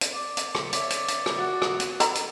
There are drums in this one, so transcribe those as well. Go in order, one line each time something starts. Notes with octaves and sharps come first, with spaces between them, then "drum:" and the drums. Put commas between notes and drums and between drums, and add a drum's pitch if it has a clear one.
drum: hi-hat
D5
drum: hi-hat
drum: rim click
C#5 D5 E5, drum: hi-hat
drum: hi-hat
drum: hi-hat
drum: rim click
F#4
drum: rim click
drum: hi-hat
A4 A#5 B5, drum: hi-hat
drum: hi-hat